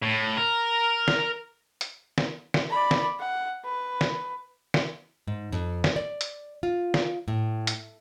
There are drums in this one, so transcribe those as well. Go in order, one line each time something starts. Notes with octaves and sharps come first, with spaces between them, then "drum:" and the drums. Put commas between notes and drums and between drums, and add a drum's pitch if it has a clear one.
A2
A#4
drum: snare
drum: hi-hat
drum: snare
drum: snare
D5 B5
drum: snare
F#5
B4
drum: snare
drum: snare
G#2
F2
drum: snare
D5
drum: hi-hat
F4
drum: snare
A2
drum: hi-hat